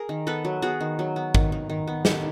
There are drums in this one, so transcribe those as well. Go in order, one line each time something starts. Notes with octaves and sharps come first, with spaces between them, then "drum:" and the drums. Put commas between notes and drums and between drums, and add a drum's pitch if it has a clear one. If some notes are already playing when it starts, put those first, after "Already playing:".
Already playing: G#4 A#4
D#3
B3 A4 B4
F#3
B3 F#4 G#4
D#3
F#3
B3
D#3, drum: kick G#1
D#3
D#3
B3
D#3 G4 A4, drum: snare